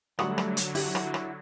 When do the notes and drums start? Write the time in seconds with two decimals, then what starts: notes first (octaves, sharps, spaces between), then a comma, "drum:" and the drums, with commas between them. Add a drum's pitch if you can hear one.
0.19 D3 F#3 G3 A3 F#5 C#6 D#6, drum: rim click
0.38 drum: rim click
0.57 drum: hi-hat
0.75 E4 F#4 G4, drum: open hi-hat
0.95 drum: rim click
1.14 drum: rim click